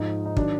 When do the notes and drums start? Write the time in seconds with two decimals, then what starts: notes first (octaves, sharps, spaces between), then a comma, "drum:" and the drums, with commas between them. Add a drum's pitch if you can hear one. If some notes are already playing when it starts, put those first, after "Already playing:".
Already playing: G#2 F3 D#4
0.26 D#4
0.37 D#3 F#3 D4, drum: kick